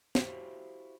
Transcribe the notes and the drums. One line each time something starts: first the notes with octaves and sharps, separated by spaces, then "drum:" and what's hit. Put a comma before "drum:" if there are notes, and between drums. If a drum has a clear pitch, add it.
E4 F#4 G4 C5 E5 F5, drum: snare